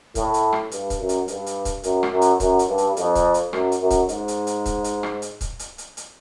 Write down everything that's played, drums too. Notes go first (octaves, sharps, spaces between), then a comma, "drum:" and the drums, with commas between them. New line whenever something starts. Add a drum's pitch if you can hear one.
A2, drum: kick C#1, hi-hat
drum: hi-hat
drum: rim click
G2, drum: hi-hat
drum: kick C#1, hi-hat
F#2
drum: hi-hat
G2, drum: hi-hat
drum: hi-hat
drum: kick C#1, hi-hat
F#2, drum: hi-hat
drum: rim click
F#2
drum: hi-hat
F#2, drum: kick C#1, hi-hat
drum: hi-hat
G2
drum: hi-hat
F2, drum: hi-hat
drum: kick C#1, hi-hat
drum: hi-hat
F#2, drum: rim click
drum: hi-hat
F#2
drum: kick C#1, hi-hat
G#2, drum: hi-hat
drum: hi-hat
drum: hi-hat
drum: kick C#1, hi-hat
drum: hi-hat
drum: rim click
drum: hi-hat
drum: kick C#1, hi-hat
drum: hi-hat
drum: hi-hat
drum: hi-hat